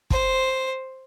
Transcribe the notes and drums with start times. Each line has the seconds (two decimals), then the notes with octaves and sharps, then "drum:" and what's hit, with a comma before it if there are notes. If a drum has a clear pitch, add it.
0.10 C5, drum: kick